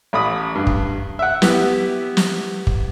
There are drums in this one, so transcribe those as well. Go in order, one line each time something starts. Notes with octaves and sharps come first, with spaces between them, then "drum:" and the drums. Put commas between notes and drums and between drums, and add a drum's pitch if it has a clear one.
A1 B5 D#6
G2
drum: kick
E5 F#5
B3 E4 G4, drum: snare
drum: snare
drum: kick